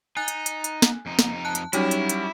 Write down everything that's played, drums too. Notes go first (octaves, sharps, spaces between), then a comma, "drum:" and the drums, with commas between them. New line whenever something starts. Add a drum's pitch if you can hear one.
D#4 G#5 F#6 A6
drum: hi-hat
drum: hi-hat
drum: hi-hat
drum: snare
F2 D#4
drum: snare
A5 F#6
drum: hi-hat
F#3 G3 C#4 D#4 E4 C#5, drum: hi-hat
drum: hi-hat
drum: hi-hat